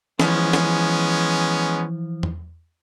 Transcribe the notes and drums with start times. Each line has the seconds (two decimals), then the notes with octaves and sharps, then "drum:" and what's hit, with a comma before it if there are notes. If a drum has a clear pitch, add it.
0.19 E3 F3 G#3 B3 C#4, drum: snare
0.53 drum: snare
2.23 drum: tom E2